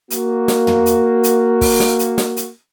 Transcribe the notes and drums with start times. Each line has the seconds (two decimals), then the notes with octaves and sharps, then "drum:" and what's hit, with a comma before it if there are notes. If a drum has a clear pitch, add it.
0.10 A#3 F#4, drum: hi-hat
0.48 drum: snare
0.67 drum: tom
0.86 drum: hi-hat
1.24 drum: hi-hat
1.61 drum: kick, open hi-hat
1.80 drum: snare
1.99 drum: hi-hat
2.18 drum: snare
2.37 drum: hi-hat